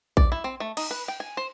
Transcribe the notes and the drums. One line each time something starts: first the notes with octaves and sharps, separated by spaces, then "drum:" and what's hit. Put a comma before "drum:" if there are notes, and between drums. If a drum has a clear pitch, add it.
D5, drum: kick A#1
E4
C4
A3
D#4, drum: cymbal
B4
G5
G#5
C5